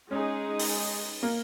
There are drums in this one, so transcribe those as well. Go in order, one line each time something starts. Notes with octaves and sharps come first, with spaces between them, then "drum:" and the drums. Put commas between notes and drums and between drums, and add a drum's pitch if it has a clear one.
G#3 C#4 D#4 G#4
drum: open hi-hat
A#3